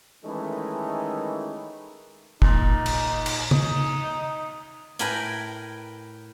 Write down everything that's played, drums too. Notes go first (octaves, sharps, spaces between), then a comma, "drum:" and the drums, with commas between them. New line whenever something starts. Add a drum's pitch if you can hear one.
D#3 E3 G#3 A3 C#4 D#4
A#2 D#4, drum: kick
drum: cymbal
drum: cymbal
D#4, drum: tom C#3
A2 A#4 B4 G5 G#5, drum: hi-hat